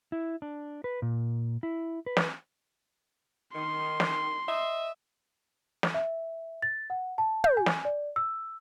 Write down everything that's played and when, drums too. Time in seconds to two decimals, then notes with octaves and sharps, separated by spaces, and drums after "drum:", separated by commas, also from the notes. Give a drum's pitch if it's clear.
0.12 E4
0.42 D4
0.84 B4
1.02 A#2
1.63 E4
2.06 B4
2.17 drum: snare
3.54 D#3 C6
4.00 drum: snare
4.46 D#5 E5
5.83 drum: snare
5.94 E5
6.62 A6
6.90 F#5
7.18 A5
7.44 G6, drum: tom
7.57 G#5
7.66 drum: snare
7.85 D5
8.16 E6